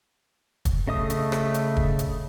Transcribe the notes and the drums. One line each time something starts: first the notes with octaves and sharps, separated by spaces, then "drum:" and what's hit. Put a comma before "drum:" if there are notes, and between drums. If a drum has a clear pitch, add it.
drum: kick, hi-hat
C#3 A3 D#5 D#6
drum: hi-hat
drum: rim click
drum: hi-hat
drum: kick
drum: hi-hat